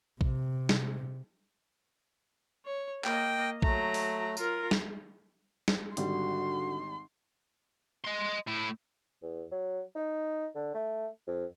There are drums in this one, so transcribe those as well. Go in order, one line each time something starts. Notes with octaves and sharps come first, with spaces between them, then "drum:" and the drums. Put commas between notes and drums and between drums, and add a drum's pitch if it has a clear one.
C3, drum: kick A#1
drum: snare
C#5
A#3 D#5 G5, drum: clap
F#3 A3 A#5, drum: kick A#1
drum: open hi-hat
F4 A#4, drum: tambourine
drum: snare
drum: snare
G#1 D3 G3 F#4 C6, drum: hi-hat
D#5 C6
A2 E4
E2
F#3
D#4
D3
A3
F2